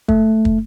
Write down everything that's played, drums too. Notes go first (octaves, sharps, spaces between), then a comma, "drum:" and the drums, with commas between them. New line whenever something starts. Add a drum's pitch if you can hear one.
A3, drum: kick
drum: kick